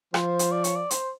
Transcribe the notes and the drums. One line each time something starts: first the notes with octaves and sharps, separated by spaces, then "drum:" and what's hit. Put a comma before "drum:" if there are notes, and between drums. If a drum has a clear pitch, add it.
F3 C5, drum: rim click
drum: hi-hat
D5
C#5, drum: hi-hat
D5
C5, drum: hi-hat